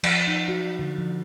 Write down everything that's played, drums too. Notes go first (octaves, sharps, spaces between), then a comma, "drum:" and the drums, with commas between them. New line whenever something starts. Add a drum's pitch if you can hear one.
F3, drum: cymbal
D#4
F#4
D3
F3